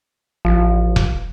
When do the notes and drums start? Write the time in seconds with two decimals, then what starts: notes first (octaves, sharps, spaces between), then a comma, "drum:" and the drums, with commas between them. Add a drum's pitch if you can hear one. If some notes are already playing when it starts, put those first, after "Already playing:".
0.45 A1 F3
0.96 drum: kick F1